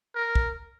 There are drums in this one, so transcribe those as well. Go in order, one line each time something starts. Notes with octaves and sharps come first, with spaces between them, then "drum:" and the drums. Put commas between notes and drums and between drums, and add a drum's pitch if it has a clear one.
A#4
drum: kick